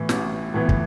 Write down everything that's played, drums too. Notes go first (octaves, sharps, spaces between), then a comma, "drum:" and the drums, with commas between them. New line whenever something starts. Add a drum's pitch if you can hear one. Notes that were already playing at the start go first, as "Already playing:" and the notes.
Already playing: A2 E3 B3
A1, drum: snare
A2 E3 B3
drum: kick